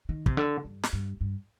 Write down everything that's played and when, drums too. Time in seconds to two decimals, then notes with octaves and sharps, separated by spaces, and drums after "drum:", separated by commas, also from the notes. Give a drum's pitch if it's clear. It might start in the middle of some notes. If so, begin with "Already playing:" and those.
0.09 D#3
0.26 C3, drum: kick
0.37 D3
0.65 G2
0.83 drum: snare
0.93 G2
1.21 G2